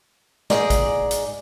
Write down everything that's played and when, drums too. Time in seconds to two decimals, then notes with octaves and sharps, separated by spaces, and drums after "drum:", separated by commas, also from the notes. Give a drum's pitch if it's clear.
0.50 G#2 G#4 D5 D#5, drum: snare
0.70 drum: kick, hi-hat
1.11 drum: hi-hat